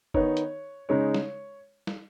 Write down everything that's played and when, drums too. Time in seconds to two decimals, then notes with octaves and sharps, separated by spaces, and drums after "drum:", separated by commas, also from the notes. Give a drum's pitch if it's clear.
0.14 D#3 B3 D#4 C#5, drum: kick F#1
0.37 drum: hi-hat
0.89 C#3 G#3 D#4 C#5
1.14 drum: snare
1.87 drum: snare